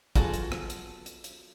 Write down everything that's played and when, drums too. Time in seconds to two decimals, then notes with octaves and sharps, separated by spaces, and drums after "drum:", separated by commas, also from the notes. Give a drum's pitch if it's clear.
0.15 F#3 B3 F4 F#4 G#4 A4, drum: kick, hi-hat
0.34 drum: hi-hat
0.52 drum: rim click
0.70 drum: hi-hat
1.06 drum: hi-hat
1.24 drum: hi-hat